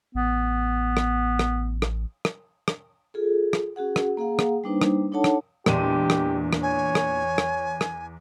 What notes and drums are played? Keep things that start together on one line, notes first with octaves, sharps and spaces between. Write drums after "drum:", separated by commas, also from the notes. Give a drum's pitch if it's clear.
A1 B3
drum: rim click
drum: rim click
drum: rim click
drum: rim click
drum: rim click
F4 G#4 A4
drum: rim click
C#4 F#4 G#4 F#5
drum: rim click
A#3 G#4 F5 F#5
drum: rim click
G3 A#3 D4 D#4 B4 C5
drum: rim click
D4 D#4 A4 C#5 F#5 A5
drum: rim click
E2 A#2 G#3 D4 G4 D#7, drum: rim click
drum: rim click
drum: rim click
C#5 G#5
drum: rim click
drum: rim click
drum: rim click